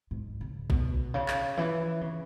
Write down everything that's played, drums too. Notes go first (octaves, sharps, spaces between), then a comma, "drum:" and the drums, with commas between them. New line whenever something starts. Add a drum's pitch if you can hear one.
G#2
C#3
B2, drum: kick
C#3
drum: clap
E3
C#3